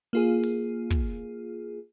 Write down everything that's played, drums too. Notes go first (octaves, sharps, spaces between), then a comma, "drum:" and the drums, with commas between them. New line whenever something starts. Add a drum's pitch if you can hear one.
A#3 F4 G#4
drum: open hi-hat
drum: kick